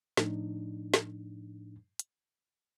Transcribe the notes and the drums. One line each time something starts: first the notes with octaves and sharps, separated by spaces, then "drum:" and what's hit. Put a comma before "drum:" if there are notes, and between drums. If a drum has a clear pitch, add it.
A2 F3 D4 D#4, drum: snare
drum: snare
drum: hi-hat